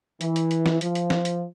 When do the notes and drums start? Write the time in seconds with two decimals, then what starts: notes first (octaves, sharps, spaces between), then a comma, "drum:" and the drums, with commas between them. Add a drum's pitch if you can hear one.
0.21 E3, drum: hi-hat
0.36 drum: hi-hat
0.51 drum: hi-hat
0.66 drum: snare
0.81 F3, drum: hi-hat
0.95 drum: hi-hat
1.10 drum: snare
1.25 drum: hi-hat